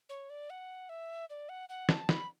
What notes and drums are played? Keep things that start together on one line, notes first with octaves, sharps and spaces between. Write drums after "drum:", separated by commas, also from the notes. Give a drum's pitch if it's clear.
C#5
D5
F#5
E5
D5
F#5
F#5
A5, drum: snare
B5, drum: snare